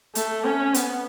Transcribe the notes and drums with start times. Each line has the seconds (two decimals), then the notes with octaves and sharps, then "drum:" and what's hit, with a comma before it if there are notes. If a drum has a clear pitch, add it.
0.15 A3, drum: hi-hat
0.45 C#4
0.74 B3, drum: hi-hat